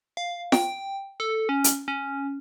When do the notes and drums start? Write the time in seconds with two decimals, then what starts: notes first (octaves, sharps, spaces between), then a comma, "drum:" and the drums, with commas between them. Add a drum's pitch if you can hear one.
0.17 F5
0.52 G5, drum: snare F4
1.20 A4
1.49 C#4
1.64 drum: hi-hat
1.88 C#4